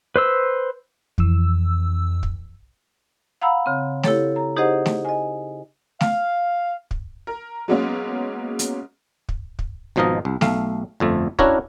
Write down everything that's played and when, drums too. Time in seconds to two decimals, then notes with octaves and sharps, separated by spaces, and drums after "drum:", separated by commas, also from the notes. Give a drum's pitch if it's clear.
0.16 B4 C5 E6
1.18 F2 E3 E6, drum: kick
2.23 drum: kick
3.41 F5 F#5 A#5 B5 E6
3.66 C#3 C4
4.03 E4 G4 A4 C#5, drum: snare A3
4.36 A#5
4.56 D#4 G4 G#4 C5 D#5 F#5
4.86 drum: snare A3
5.05 D#5 G#5
6.01 F5, drum: snare A3
6.91 drum: kick
7.27 A#4
7.68 F#3 G#3 A#3 B3 C#4
8.59 drum: hi-hat
9.29 drum: kick
9.59 drum: kick
9.96 G#1 B2 F3 D#4 A#4 D#5
10.25 C2
10.41 B1 A3 F5, drum: snare A3
11.00 G1 F2 A3
11.39 C#4 D4 E4 F#4 A#4 C#5, drum: kick